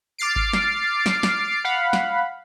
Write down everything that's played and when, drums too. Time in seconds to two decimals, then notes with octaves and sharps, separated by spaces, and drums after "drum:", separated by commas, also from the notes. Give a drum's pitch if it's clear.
0.18 D6 F6 A6 C7 D7
0.36 drum: kick G#1
0.53 drum: snare
1.06 drum: snare
1.23 drum: snare
1.64 F5 F#5 B5
1.93 drum: snare